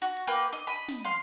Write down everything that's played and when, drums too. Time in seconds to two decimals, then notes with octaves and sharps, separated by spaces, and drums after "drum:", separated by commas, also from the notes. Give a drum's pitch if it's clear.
0.02 F#4
0.17 drum: open hi-hat
0.27 A#3 B4 G5
0.53 D#5, drum: hi-hat
0.67 D#5 B5
0.88 drum: snare
1.05 F5 C6